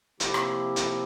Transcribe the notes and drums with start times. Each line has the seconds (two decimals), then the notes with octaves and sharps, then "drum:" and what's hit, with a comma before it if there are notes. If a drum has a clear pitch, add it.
0.20 C3 F3 A#3 E4 G4, drum: hi-hat
0.34 drum: rim click
0.76 drum: hi-hat